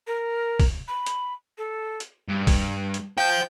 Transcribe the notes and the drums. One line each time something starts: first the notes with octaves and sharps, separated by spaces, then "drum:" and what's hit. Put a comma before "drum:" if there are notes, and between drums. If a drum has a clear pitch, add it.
A#4
drum: kick, open hi-hat
B5
drum: hi-hat
A4
drum: hi-hat
G2
drum: kick, open hi-hat
drum: hi-hat
C5 F5 G5 G6